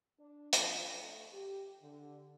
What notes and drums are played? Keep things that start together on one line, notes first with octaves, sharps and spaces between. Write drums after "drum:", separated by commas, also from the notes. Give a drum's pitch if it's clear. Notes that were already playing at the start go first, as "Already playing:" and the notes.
D4
F3, drum: hi-hat
A3
G4
D3